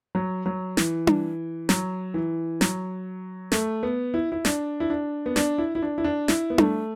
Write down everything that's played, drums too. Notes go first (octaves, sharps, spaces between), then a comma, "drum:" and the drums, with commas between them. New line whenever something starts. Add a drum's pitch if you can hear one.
F#3
F#3
E3, drum: snare
drum: tom D4
F#3, drum: snare
E3
F#3, drum: snare
A3, drum: snare
B3
E4
E4
D4, drum: snare
E4
D4
B3
D4, drum: snare
E4
E4
D4
E4
D4
E4, drum: snare
B3
A3, drum: tom D4